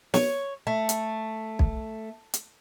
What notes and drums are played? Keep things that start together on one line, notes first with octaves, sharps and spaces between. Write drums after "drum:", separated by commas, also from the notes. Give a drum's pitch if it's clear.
C#5, drum: snare
A3
drum: hi-hat
drum: kick B1
drum: hi-hat